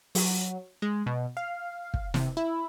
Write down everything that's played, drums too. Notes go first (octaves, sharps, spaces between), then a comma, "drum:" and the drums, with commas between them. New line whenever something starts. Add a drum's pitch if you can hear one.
F#3, drum: open hi-hat
G#3
B2
F5
drum: kick
C3, drum: snare
E4